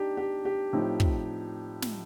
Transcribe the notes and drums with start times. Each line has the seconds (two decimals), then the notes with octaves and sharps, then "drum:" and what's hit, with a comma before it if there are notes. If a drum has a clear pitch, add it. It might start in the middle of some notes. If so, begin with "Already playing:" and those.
Already playing: D4 D#4 G4
0.17 G4
0.45 G4
0.73 A2 F3 C4 D#4
1.00 drum: kick
1.82 drum: snare